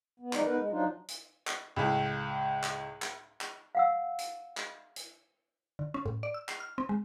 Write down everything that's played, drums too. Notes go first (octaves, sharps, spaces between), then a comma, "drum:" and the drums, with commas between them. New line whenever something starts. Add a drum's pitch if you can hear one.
B3
E3 F3 G#3 D#4 D5, drum: clap
B3 D#4 A#4 B4
G#3
F3 F#3 D4 D#4 F4
drum: hi-hat
drum: clap
C#2 A2
drum: clap
drum: clap
drum: clap
F5 F#5 E6
drum: hi-hat
drum: clap
drum: hi-hat
D3
C#4
A2
D5
E6
C7, drum: clap
F6
C4
G#3